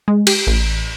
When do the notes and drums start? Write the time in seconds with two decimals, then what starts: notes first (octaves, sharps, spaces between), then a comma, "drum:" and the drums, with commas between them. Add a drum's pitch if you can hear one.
0.08 G#3
0.27 G4, drum: cymbal
0.47 A1